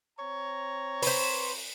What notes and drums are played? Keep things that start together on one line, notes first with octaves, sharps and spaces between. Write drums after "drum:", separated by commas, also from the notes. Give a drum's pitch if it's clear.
C4 C#5 A#5
B4 C5, drum: open hi-hat